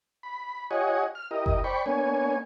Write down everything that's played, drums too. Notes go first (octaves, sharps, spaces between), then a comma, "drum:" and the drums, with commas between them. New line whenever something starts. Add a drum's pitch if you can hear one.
B5
F4 G4 C#5 D#5 F#5 G#5
F6
E4 G4 A#4 D#5
drum: kick F#1
C5 D5 G5 B5 C#6
A#3 B3 D4 C#5 G#5